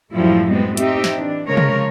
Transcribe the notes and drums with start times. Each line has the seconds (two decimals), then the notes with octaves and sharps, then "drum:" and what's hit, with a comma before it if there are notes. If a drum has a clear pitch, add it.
0.13 F#2 A2 F3 G3 A3 E4
0.49 G3 G#3 B3 C4
0.77 C4 D#4 G4 E5, drum: hi-hat
1.04 drum: snare
1.15 E3 D4
1.47 C#3 F3 G#3 A#4 C#5
1.57 drum: tom C3